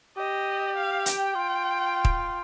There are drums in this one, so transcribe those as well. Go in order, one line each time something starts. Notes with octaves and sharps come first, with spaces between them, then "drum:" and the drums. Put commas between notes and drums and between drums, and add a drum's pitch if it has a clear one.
G4 D#5
F5
G5, drum: hi-hat
F4
drum: kick